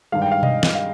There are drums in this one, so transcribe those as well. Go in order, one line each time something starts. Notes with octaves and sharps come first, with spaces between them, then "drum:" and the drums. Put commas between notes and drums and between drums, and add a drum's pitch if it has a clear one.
G2 D#3 G#3 F5
G5
F5
D#5, drum: tom B2
drum: snare
F5